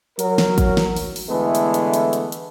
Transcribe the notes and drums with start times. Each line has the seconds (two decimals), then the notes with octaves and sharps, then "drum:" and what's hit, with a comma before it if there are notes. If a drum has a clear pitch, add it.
0.19 F#3 A#4, drum: hi-hat
0.38 drum: snare
0.58 drum: kick, hi-hat
0.77 drum: snare
0.96 drum: open hi-hat
1.16 drum: open hi-hat
1.30 D3 E3 G#3 A3 B3 E4
1.55 drum: hi-hat
1.74 drum: hi-hat
1.94 drum: hi-hat
2.13 drum: hi-hat
2.32 drum: hi-hat